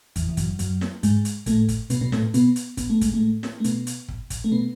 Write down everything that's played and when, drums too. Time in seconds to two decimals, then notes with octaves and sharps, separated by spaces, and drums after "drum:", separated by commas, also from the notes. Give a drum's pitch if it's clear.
0.16 E2 E3, drum: kick, hi-hat
0.29 E3
0.37 F#2 F#3, drum: kick, hi-hat
0.59 F#2 F#3, drum: hi-hat
0.81 drum: snare
1.03 G#2 G#3, drum: hi-hat
1.25 drum: hi-hat
1.46 A2 A3, drum: kick, hi-hat
1.68 drum: kick, hi-hat
1.90 B2 B3, drum: hi-hat
2.01 B2 B3
2.12 A2 A3, drum: snare
2.34 B2 B3, drum: hi-hat
2.56 drum: hi-hat
2.77 B3, drum: kick, hi-hat
2.90 A3
3.01 G#3, drum: kick, hi-hat
3.13 A2 A3
3.43 drum: snare
3.60 A3
3.64 B2 B3, drum: hi-hat
3.87 drum: hi-hat
4.08 drum: kick
4.30 drum: kick, hi-hat
4.44 A3
4.52 B2 B3